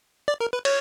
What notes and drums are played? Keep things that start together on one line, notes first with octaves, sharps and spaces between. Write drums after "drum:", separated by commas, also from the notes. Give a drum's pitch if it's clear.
D5
A#4
B4
C#5, drum: cymbal